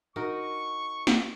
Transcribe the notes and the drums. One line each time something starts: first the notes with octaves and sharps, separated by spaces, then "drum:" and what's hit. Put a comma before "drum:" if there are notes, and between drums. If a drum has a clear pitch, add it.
D#4 F#4 A#4 C#6
drum: snare